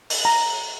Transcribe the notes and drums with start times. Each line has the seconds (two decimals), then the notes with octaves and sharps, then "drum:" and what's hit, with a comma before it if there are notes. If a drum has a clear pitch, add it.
0.10 drum: open hi-hat
0.25 A#5